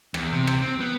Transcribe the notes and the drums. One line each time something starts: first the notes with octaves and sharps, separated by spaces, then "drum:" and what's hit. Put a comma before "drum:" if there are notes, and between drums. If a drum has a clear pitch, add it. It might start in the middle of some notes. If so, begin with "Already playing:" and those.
E2, drum: rim click
C3
drum: rim click
C4
B3